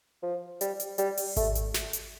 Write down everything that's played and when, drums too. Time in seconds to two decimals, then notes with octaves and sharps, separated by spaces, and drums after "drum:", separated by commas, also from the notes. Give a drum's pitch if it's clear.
0.23 F3
0.61 G3, drum: hi-hat
0.80 drum: hi-hat
0.98 G3, drum: hi-hat
1.17 drum: open hi-hat
1.37 A3, drum: kick G#1, hi-hat
1.55 drum: hi-hat
1.74 drum: snare
1.93 drum: hi-hat